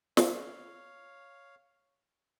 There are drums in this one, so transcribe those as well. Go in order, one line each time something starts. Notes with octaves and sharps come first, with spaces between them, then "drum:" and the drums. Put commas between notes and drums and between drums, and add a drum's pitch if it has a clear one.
C#5 F5, drum: snare